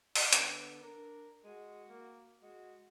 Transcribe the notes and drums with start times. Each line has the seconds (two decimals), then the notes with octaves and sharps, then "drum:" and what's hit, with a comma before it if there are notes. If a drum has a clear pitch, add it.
0.15 D5, drum: open hi-hat
0.33 D3 B3, drum: hi-hat
0.82 D4 A#4
1.44 G#3 F#4
1.89 A#3
2.42 G#3 F#4